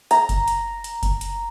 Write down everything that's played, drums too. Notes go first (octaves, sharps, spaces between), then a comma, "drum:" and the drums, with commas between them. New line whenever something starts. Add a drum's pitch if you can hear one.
A#5, drum: hi-hat
drum: kick F#1, hi-hat
drum: hi-hat
drum: hi-hat
drum: kick F#1, hi-hat
drum: hi-hat